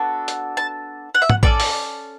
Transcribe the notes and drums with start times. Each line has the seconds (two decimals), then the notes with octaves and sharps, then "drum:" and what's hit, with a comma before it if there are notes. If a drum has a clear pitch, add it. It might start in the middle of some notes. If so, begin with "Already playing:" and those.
Already playing: B3 D4 F#4 A4
0.28 drum: hi-hat
0.57 A5
1.15 F#5
1.22 E5
1.30 F#5, drum: tom
1.43 C#4 F#4 A4 D5, drum: kick A1
1.60 drum: open hi-hat